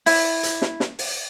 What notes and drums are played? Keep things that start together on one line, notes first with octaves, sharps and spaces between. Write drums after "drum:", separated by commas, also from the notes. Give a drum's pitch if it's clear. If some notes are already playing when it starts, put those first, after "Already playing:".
E4, drum: open hi-hat
drum: hi-hat
drum: snare
drum: snare
drum: open hi-hat